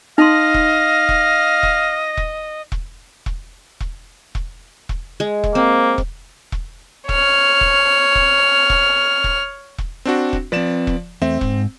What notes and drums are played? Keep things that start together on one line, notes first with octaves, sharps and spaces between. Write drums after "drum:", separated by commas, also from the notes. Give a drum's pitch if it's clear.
D#4 D#5 F5 C6 A#6
drum: kick E1
drum: kick E1
drum: kick E1
drum: kick E1
drum: kick E1
drum: kick E1
drum: kick E1
drum: kick E1
drum: kick E1
G#3
drum: kick E1
A#3 C4
drum: kick E1
drum: kick E1
C#5 F6, drum: kick E1
drum: kick E1
drum: kick E1
drum: kick E1
drum: kick E1
drum: kick E1
C4 D4 F#4
drum: kick E1
F3 C4 B4 D5 E7
drum: kick E1
E2 A3 C4 E5
G#2, drum: kick E1